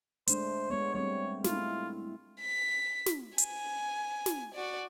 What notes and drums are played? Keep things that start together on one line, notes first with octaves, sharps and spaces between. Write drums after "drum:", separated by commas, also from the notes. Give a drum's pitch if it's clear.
G#3 A3 D4 C5, drum: hi-hat
G#3 B3 C#5
G3 A3 C4 C#5
G#3 A3 E4 F4, drum: snare
B6
drum: snare
G#5, drum: hi-hat
drum: snare
F#4 D5